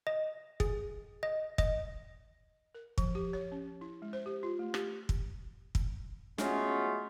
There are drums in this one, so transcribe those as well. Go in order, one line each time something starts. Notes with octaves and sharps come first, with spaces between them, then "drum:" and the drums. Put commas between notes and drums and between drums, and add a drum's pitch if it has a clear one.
D#5
G#4, drum: kick
D#5
D#5, drum: kick
A#4
F3, drum: kick
G4
C#5
C#4
E4
G#3
C5
G4
F4
A3
G4, drum: rim click
drum: kick
drum: kick
F#3 G#3 A3 B3 C#4 F4, drum: snare